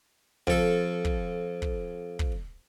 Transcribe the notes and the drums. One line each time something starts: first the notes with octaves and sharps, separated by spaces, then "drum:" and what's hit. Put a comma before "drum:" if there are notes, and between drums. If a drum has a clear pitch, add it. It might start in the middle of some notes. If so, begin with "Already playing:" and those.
F2 A4, drum: kick
drum: kick
drum: kick
drum: kick